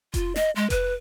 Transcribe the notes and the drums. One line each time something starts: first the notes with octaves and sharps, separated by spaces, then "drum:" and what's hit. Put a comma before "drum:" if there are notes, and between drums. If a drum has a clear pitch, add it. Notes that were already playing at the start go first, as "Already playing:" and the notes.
F4, drum: kick F1, hi-hat
D#5, drum: snare
G#3
B4, drum: kick F1, hi-hat